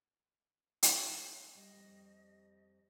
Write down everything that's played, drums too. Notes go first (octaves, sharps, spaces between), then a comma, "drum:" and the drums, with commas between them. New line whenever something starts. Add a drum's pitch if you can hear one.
drum: hi-hat
G3 D#5
F2 G3